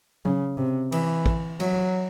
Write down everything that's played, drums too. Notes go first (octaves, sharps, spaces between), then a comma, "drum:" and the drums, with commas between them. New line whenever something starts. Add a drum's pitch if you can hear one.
C#3, drum: tom F#3
C3
E3, drum: cymbal
drum: kick
F#3, drum: cymbal